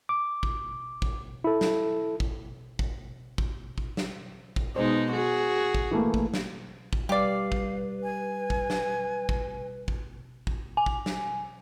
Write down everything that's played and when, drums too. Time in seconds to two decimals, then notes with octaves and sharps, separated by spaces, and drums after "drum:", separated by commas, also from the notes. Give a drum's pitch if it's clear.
0.09 D6
0.43 drum: kick
1.02 drum: kick
1.44 E4 A4
1.61 drum: snare
2.20 drum: kick
2.79 drum: kick
3.38 drum: kick
3.78 drum: kick
3.97 drum: snare
4.56 drum: kick
4.76 B2 G#3 D#4 C5
5.12 F#4 G#4
5.74 drum: kick
5.91 E3 A3 A#3
6.14 drum: kick
6.34 drum: snare
6.93 drum: kick
7.09 G3 G4 B4 D5 F5
7.52 drum: kick
8.03 G#5
8.50 drum: kick
8.70 drum: snare
9.29 drum: kick
9.88 drum: kick
10.47 drum: kick
10.77 G#5
10.86 drum: kick
11.06 drum: snare